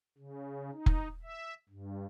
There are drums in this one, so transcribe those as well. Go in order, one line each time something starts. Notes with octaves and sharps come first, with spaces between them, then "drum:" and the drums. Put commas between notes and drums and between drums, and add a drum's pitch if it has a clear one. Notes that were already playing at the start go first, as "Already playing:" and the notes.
C#3
D#4
drum: kick F1
E5
G2